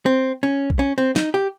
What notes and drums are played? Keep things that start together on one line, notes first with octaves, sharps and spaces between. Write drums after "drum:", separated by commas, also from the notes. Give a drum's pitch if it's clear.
C4
C#4
drum: kick B1
C#4
C4
D#4, drum: snare
G4